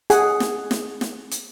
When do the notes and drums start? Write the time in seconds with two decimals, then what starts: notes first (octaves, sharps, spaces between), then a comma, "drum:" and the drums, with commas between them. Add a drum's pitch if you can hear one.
0.10 G#4 F#5 G#5, drum: hi-hat
0.40 drum: snare
0.71 drum: snare
1.01 drum: snare
1.31 drum: hi-hat